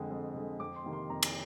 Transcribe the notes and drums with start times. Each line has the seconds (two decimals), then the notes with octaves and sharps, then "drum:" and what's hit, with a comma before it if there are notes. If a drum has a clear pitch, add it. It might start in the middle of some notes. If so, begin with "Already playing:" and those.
Already playing: F2 D3 G#3
0.10 F2
0.34 D3 G#3
0.59 F2 D6
0.76 C6
0.84 C3 D#3 A#3
0.93 C6
1.10 F2 A#5
1.23 drum: cymbal